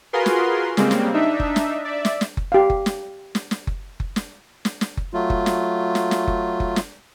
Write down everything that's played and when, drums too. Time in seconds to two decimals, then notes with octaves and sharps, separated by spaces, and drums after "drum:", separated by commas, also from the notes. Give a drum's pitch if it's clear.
0.13 F4 F#4 G#4 A#4 B4 C6
0.26 drum: snare
0.77 C#3 G3 G#3 A#3 C4, drum: snare
0.91 drum: snare
1.14 D4 D#4 E5
1.40 drum: kick F#1
1.56 drum: snare
1.85 D5 E5
2.05 drum: snare
2.21 drum: snare
2.37 drum: kick F#1
2.52 G4 F5
2.70 drum: kick F#1
2.86 drum: snare
3.35 drum: snare
3.51 drum: snare
3.67 drum: kick F#1
4.00 drum: kick F#1
4.16 drum: snare
4.65 drum: snare
4.81 drum: snare
4.97 drum: kick F#1
5.14 F#3 A3 F4
5.30 drum: kick F#1
5.46 drum: snare
5.95 drum: snare
6.11 drum: snare
6.27 drum: kick F#1
6.60 drum: kick F#1
6.76 drum: snare